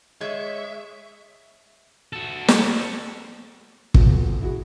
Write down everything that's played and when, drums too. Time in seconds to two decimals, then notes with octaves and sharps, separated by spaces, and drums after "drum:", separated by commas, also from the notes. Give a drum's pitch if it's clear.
0.21 G#3 C#5 E5 C#6
2.13 F#4 A4
2.48 drum: snare
3.94 D#1 F#2 B3 F4, drum: kick
4.41 E4 F#4 G#4